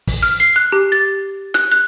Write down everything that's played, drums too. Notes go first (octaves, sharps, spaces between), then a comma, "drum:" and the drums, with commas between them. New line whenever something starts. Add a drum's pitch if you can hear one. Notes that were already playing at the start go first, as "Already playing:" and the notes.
drum: kick, open hi-hat
F6
C7
F#6
G4
A6
F#6, drum: snare
F#6